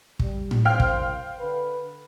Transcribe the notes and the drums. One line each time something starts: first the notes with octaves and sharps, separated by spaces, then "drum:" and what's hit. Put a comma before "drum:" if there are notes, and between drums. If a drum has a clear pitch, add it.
G3, drum: kick
drum: tom A2
C2 C3 C5 F5 G5 F6
drum: kick
D3 B4